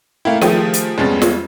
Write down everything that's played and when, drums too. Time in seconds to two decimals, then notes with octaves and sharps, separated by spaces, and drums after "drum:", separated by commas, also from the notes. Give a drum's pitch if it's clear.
0.25 A3 A#3 E4 F5 G5
0.41 D#3 F3 A3 G4 G#4 D#7, drum: snare
0.73 drum: hi-hat
0.98 F2 G3 G#3 B3 C#4 A6
1.22 drum: snare